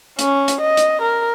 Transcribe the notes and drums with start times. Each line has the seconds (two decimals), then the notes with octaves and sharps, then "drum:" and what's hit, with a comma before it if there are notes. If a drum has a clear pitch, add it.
0.19 C#4, drum: hi-hat
0.48 drum: hi-hat
0.61 D#5
0.77 drum: hi-hat
1.02 A#4